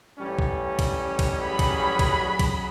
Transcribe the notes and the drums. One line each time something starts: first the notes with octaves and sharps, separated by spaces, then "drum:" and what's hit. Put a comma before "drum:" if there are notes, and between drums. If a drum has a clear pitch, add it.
A1 G3 C#4
drum: kick B1
drum: kick B1, cymbal
drum: kick B1, cymbal
F#3 G#4 B5
drum: kick B1, cymbal
drum: kick B1, cymbal
drum: kick B1, cymbal